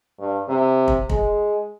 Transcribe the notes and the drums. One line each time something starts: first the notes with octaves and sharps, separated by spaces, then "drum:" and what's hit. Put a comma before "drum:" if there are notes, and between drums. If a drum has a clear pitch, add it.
G2
C3
drum: kick
G#3, drum: kick